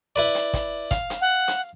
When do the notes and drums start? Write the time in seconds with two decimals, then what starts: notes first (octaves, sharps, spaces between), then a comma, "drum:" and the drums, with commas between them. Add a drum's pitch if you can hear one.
0.16 E4 B4 D5
0.35 drum: hi-hat
0.53 drum: kick, hi-hat
0.91 F5, drum: kick, hi-hat
1.10 drum: hi-hat
1.21 F#5
1.48 drum: hi-hat